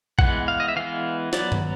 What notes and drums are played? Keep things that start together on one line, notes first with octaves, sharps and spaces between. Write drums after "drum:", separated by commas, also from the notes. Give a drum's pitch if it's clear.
E3 G#3 B3 F#5, drum: kick A#1
F5
D#5
E5
E3 G#3 B3 F5
F#3 B3 D5, drum: snare
drum: tom